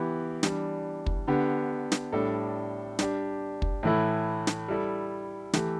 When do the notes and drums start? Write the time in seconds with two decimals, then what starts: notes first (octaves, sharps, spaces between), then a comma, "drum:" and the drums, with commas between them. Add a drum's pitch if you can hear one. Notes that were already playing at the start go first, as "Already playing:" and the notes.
Already playing: E3 B3 E4 G4
0.43 E3 G3 D4, drum: snare
1.06 drum: kick
1.28 D3 B3 G4
1.92 drum: snare
2.12 A2 G3 D4 A4
2.99 G3 D4 G4, drum: snare
3.62 drum: kick
3.83 A2 E3 A3 E4
4.47 drum: snare
4.68 G3 E4 A4
5.53 E3 A3 G4, drum: snare